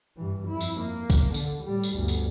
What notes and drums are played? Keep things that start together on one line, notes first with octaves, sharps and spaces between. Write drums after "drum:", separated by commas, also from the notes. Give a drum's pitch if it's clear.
G2 E3
F2 E4
drum: tambourine
A#3
drum: kick C2, tambourine
D3, drum: tambourine
A2 G3
drum: tambourine
G1 D2
drum: tambourine